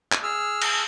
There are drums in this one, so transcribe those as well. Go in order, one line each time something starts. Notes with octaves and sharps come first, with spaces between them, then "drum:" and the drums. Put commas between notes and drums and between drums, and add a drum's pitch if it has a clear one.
drum: clap
G#4 E6 F6
drum: cymbal